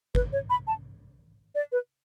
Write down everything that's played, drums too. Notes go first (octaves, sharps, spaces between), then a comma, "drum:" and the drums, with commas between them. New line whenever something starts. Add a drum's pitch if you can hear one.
B4, drum: kick G1
C#5
B5
A5
D5
B4